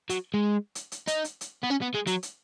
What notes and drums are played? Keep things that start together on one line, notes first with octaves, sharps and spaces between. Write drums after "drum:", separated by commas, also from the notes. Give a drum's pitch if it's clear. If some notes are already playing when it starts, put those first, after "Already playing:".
F#3, drum: hi-hat
G#3
drum: hi-hat
drum: hi-hat
D#4, drum: hi-hat
drum: hi-hat
drum: hi-hat
B3
C#4
B3
G#3
F#3, drum: hi-hat
drum: hi-hat